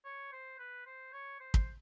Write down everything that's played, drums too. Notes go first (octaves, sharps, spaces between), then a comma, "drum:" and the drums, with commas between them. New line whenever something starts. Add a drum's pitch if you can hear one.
C#5
C5
B4
C5
C#5
C5
drum: kick